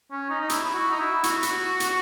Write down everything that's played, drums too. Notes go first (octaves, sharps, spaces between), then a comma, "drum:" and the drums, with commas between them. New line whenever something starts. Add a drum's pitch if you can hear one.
C#4
D#4
D#4
E4, drum: hi-hat
F#4
D#4
E4
F#4, drum: hi-hat
drum: hi-hat
drum: hi-hat